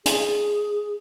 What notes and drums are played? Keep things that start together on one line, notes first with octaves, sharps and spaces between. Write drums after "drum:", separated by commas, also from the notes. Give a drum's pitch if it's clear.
G#4, drum: hi-hat